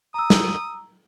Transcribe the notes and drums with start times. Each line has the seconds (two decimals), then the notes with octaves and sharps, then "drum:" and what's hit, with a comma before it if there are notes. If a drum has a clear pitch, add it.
0.14 A#5 D#6 E6
0.30 drum: snare